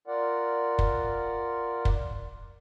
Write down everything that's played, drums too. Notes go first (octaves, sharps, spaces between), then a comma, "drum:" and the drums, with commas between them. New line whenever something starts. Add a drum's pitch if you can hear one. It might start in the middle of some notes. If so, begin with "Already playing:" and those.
F4 A#4 D5 F#5
drum: kick
drum: kick